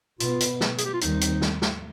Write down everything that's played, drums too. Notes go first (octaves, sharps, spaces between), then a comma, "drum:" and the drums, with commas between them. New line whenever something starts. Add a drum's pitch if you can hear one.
B2 B3 F4, drum: hi-hat
drum: hi-hat
drum: snare
G#4, drum: hi-hat
G4
F4
D#2 D#3 G3 C4 D#4, drum: hi-hat
drum: hi-hat
drum: snare
drum: snare